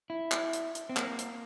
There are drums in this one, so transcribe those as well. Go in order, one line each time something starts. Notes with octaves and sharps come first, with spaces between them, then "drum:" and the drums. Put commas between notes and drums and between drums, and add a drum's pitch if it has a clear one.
E4
drum: clap
drum: hi-hat
drum: hi-hat
C4
A#3, drum: clap
drum: hi-hat